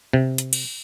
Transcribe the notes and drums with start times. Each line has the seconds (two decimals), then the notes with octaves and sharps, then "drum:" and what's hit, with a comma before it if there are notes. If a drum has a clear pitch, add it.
0.13 C3
0.38 drum: hi-hat
0.53 drum: cymbal